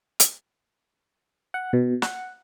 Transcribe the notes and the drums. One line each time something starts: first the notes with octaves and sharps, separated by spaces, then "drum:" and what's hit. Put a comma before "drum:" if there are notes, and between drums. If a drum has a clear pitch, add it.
drum: hi-hat
F#5
B2
F#5, drum: snare